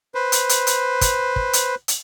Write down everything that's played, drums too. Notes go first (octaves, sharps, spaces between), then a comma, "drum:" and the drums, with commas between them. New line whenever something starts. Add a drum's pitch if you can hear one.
B4 C5
drum: hi-hat
drum: hi-hat
drum: hi-hat
drum: kick, hi-hat
drum: kick
drum: hi-hat
drum: hi-hat